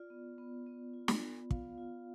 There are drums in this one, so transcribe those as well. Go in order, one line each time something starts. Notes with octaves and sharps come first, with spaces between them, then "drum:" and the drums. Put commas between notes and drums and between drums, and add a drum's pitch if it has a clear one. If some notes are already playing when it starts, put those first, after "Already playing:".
Already playing: F4 D5
B3
B3
B3
F4
drum: snare
B3
F4 F5, drum: kick
F4